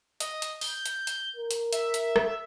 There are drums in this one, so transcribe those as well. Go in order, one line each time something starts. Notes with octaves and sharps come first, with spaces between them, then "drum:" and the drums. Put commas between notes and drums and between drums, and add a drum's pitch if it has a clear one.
D#5, drum: hi-hat
drum: hi-hat
G6, drum: open hi-hat
drum: hi-hat
drum: hi-hat
A#4
drum: hi-hat
E5, drum: hi-hat
drum: hi-hat
drum: rim click